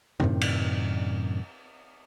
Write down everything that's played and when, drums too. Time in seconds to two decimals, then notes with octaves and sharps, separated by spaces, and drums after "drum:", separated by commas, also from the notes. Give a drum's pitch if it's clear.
0.20 F#2 A2 C3 D#3, drum: tom
0.41 drum: cymbal